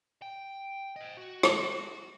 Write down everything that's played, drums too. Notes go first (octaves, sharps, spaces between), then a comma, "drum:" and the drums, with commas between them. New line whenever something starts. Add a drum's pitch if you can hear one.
G5
C5 D#5
F#4
drum: rim click